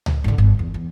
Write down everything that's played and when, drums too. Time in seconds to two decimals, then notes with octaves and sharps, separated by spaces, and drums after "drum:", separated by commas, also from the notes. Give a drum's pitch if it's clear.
0.06 drum: tom C#2
0.24 G#1 D3
0.38 G1
0.59 E2
0.74 E2